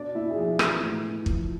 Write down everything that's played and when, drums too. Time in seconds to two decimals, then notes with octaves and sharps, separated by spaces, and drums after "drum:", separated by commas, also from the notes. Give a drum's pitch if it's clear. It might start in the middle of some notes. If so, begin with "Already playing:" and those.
Already playing: B2 D4 D5
0.15 B2 E4 E5
0.31 G#4
0.37 B2 F3 F4
0.59 E3, drum: rim click
0.82 A2
1.04 E3
1.26 F3, drum: kick